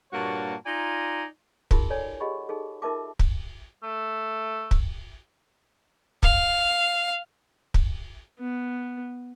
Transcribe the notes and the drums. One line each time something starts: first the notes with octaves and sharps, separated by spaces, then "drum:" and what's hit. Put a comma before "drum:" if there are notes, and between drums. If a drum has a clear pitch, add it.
G2 A#2 A#3 F#4 C#5 A5
D#4 F4 D5 G#5 A#5
D#4 F4 F#4 G#4 A#4, drum: kick
A4 C#5 D5 G#5
G4 G#4 D#5 F#5 B5 C#6
D#4 G#4 A4
D#4 F4 A#4 E5 A5 D6
drum: kick
A3
drum: kick
F5, drum: kick
drum: kick
B3